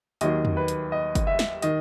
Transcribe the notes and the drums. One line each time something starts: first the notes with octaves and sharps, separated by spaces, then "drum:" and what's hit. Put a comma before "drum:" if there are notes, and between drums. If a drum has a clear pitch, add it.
D#2 D#3 F#3 D#5, drum: hi-hat
drum: tom
B4
drum: hi-hat
D#5
drum: kick, hi-hat
E5
drum: snare
D#3 D#5, drum: hi-hat